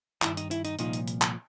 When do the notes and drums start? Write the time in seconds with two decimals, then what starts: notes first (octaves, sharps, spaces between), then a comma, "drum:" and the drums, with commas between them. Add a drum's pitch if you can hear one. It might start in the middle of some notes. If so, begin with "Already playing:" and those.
0.22 G2 D#3 E4, drum: clap
0.37 D#4, drum: hi-hat
0.51 E4, drum: hi-hat
0.65 D#4, drum: hi-hat
0.79 C2 A#2 F3 D#4, drum: hi-hat
0.93 drum: hi-hat
1.08 drum: hi-hat
1.22 drum: clap